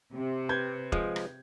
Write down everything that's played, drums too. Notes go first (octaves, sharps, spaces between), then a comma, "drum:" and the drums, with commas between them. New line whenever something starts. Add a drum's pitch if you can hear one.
C3
B4 G6 G#6
F3 G#3, drum: kick E1
drum: rim click